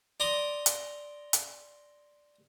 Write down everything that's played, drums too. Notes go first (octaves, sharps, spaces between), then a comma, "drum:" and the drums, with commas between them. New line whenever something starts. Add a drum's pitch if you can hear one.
D5 A#5 C6 D6 D#6
drum: hi-hat
drum: hi-hat